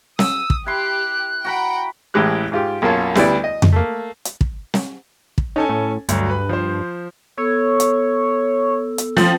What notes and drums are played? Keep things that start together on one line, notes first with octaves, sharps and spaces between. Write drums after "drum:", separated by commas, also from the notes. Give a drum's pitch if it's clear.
D#6 E6, drum: snare
drum: kick
E4 G4 C6 F#6
F#4 F#5 G5 A#5 B5
A1 A2 E3 G#3 G4 F#6
G#2 F4 G4
B1 F#2 A#3 F4 C#5 A5
D2 G3 B3 E4 D5, drum: snare
D#5
drum: tom F2
A3 A#3
drum: hi-hat
drum: kick
drum: snare
drum: kick
C#4 D#4 A4 G#5
A2
D2 G2 F#3, drum: hi-hat
B4 B5
F3 C5
B3 A4 C#5 E6
drum: hi-hat
drum: hi-hat
F3 C4, drum: snare